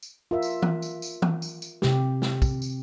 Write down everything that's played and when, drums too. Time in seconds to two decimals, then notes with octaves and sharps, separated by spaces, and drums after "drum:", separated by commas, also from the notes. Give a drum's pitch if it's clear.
0.03 drum: tambourine
0.31 F4 A#4 E5
0.42 drum: tambourine
0.62 drum: tom E3
0.82 drum: tambourine
1.02 drum: tambourine
1.22 drum: tom E3
1.42 drum: tambourine
1.62 drum: tambourine
1.82 C3 G4, drum: snare
2.22 drum: snare
2.42 drum: kick, tambourine
2.62 drum: tambourine